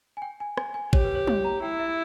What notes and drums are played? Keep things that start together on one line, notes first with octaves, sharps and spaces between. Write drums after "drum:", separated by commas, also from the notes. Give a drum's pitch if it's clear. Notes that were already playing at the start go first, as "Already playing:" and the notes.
G#5
G5
G#5
G#5, drum: rim click
G#5
G4 C#5, drum: kick G#1
B4
C#5
C#5, drum: tom
A#5
E4 G5
E5